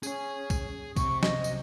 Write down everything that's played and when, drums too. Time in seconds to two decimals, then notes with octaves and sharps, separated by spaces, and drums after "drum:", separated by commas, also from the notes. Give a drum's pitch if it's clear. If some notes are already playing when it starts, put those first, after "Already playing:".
0.03 C#4 G#4 G#5, drum: tambourine
0.50 drum: kick B1, tambourine
0.96 C3 C#6, drum: kick B1, tambourine
1.23 D#5, drum: snare
1.44 drum: tambourine